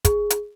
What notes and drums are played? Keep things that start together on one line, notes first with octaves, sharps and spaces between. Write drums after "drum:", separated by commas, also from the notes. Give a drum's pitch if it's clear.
G#4, drum: kick, hi-hat
drum: hi-hat